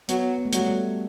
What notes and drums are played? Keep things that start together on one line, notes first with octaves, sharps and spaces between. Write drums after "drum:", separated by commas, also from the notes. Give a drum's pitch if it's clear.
F#3 B3, drum: hi-hat
B3
A3
F#3 G3, drum: hi-hat
A3
G3